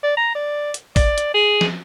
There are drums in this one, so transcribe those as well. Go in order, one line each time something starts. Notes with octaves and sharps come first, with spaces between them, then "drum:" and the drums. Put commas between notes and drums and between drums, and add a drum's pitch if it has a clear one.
D5
A#5
D5
drum: hi-hat
D5, drum: kick A1, open hi-hat
drum: hi-hat
G#4
drum: snare